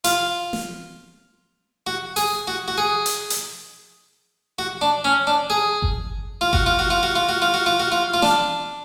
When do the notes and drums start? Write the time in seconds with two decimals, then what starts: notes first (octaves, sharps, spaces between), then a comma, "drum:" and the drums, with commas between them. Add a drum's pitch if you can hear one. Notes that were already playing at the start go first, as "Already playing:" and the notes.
0.04 F4, drum: hi-hat
0.53 drum: snare
1.87 F#4
2.16 G#4, drum: open hi-hat
2.47 F#4
2.68 F#4
2.78 G#4
3.06 drum: hi-hat
3.30 drum: hi-hat
4.59 F#4
4.81 D4
5.04 C#4
5.27 D4
5.50 G#4
5.82 drum: kick G1
6.41 F4
6.53 F#4, drum: kick G1
6.66 F4
6.79 F#4
6.90 F4
7.03 F#4
7.16 F4
7.29 F#4
7.42 F4
7.54 F#4
7.66 F4
7.80 F#4
7.92 F4
8.14 F4
8.22 D4, drum: snare